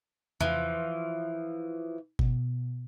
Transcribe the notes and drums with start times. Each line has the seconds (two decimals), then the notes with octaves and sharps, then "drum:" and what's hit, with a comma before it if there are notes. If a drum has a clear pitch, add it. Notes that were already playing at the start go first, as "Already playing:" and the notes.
0.41 E3 F3, drum: tom E2
2.19 B2, drum: kick G1